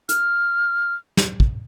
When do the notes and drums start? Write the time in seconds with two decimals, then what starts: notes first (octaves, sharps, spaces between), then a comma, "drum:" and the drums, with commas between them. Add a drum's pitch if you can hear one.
0.09 F6, drum: hi-hat
1.17 drum: snare
1.40 drum: kick